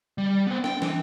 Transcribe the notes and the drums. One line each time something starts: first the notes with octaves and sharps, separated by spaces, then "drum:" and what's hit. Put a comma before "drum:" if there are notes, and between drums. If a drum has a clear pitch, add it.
G3
B3 C5
G5, drum: snare
E3, drum: snare